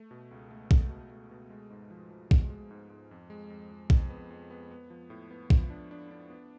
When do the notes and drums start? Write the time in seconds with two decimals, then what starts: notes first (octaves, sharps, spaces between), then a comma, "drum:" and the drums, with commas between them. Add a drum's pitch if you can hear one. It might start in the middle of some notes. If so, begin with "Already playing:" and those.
Already playing: A3
0.11 B2
0.31 C#2
0.51 A3
0.71 A3, drum: kick
0.90 B2
1.10 A3
1.31 B2
1.50 G#3
1.70 G#2
1.90 F3
2.10 F3
2.31 G#3, drum: kick
2.50 G#3
2.71 G#2
2.90 G#2
3.11 F2
3.30 G#3
3.50 F2
3.71 F2
3.90 F2, drum: kick
4.10 B3
4.30 F2
4.50 B3
4.71 B3
4.90 F3
5.10 A2
5.31 B3
5.50 F3, drum: kick
5.70 D4
5.91 D4
6.11 D4
6.30 B3